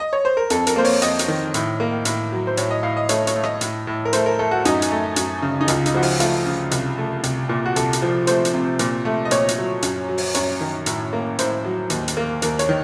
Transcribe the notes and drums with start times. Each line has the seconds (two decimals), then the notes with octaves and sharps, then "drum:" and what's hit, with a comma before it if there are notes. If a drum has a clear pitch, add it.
0.00 D#5
0.13 C#5
0.25 C5
0.37 A#4
0.50 F2 A4, drum: hi-hat
0.67 A#4, drum: hi-hat
0.76 A#3 C5
0.84 C#5, drum: open hi-hat
1.02 F2 D#5, drum: hi-hat
1.19 drum: hi-hat
1.28 D#3
1.54 A2, drum: hi-hat
1.80 A#3
2.05 A2, drum: hi-hat
2.32 F#3
2.47 C5
2.57 A2 C#5, drum: hi-hat
2.71 D#5
2.83 A2 F5
2.97 D#5
3.09 A3 C#5, drum: hi-hat
3.27 C#5, drum: hi-hat
3.35 A3
3.43 D#5, drum: rim click
3.61 A2, drum: hi-hat
3.87 A2
4.05 A#4
4.13 A3 C5, drum: hi-hat
4.26 A#4
4.39 A3 A4
4.51 F#4
4.65 F#2 D#4, drum: hi-hat
4.82 drum: hi-hat
4.91 A3
5.16 F#2, drum: hi-hat
5.42 C#3
5.61 D#4
5.68 C#2 F4, drum: hi-hat
5.86 D#4, drum: hi-hat
5.94 F3 F#4
6.02 F4, drum: open hi-hat
6.20 A3 F4, drum: hi-hat
6.46 C#3
6.71 C2, drum: hi-hat
6.98 A3
7.24 C2, drum: hi-hat
7.49 A#2
7.66 F#4
7.76 C2 A4, drum: hi-hat
7.93 drum: hi-hat
8.02 F3
8.27 A3 C5, drum: hi-hat
8.45 drum: hi-hat
8.54 C3
8.79 A#2, drum: hi-hat
9.05 A3
9.25 D#5
9.31 A#2 C#5, drum: hi-hat
9.49 drum: hi-hat
9.58 F#3
9.82 F#2, drum: hi-hat
10.08 F#3
10.18 drum: open hi-hat
10.35 F#2 C#5, drum: hi-hat
10.61 D#3
10.86 A2, drum: hi-hat
11.13 A#3
11.39 A2 C5, drum: hi-hat
11.64 F#3
11.90 D#2, drum: hi-hat
12.08 drum: hi-hat
12.17 A#3
12.42 D#2 A#4, drum: hi-hat
12.59 C#5, drum: hi-hat
12.69 D#3